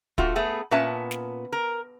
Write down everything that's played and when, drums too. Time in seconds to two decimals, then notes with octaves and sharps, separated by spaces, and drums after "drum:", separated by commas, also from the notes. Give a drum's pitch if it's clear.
0.18 A3 F4 F#4, drum: kick
0.36 A3 B3 G#4
0.71 A#2 B3 C#4 B4 E5 A5
1.11 drum: snare
1.52 A#4